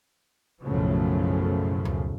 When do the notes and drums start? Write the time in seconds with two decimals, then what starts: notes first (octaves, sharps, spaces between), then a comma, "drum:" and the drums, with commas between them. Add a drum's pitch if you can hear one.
0.63 B1 F#2 A2 C#3 F3 A3
1.85 drum: tom D2